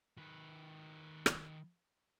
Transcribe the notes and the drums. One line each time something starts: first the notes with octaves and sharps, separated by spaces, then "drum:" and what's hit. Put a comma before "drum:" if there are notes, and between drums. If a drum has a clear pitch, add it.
D#3 B4
drum: rim click